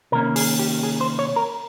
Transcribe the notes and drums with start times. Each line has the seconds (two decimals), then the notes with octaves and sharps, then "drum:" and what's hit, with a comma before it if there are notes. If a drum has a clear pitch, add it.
0.12 C3 D#3 A#3 C#4 A#4
0.36 G#4, drum: open hi-hat
0.59 G4
0.83 G#4
1.01 C5
1.19 C#5
1.36 A#4